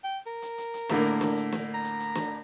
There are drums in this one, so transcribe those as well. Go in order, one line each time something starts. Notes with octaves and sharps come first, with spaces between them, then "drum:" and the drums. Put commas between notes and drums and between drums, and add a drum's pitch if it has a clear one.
G5
A#4
drum: hi-hat
drum: hi-hat
drum: hi-hat
A2 D3 A#3, drum: snare
drum: hi-hat
drum: snare
drum: hi-hat
drum: snare
A#5
drum: hi-hat
drum: hi-hat
drum: snare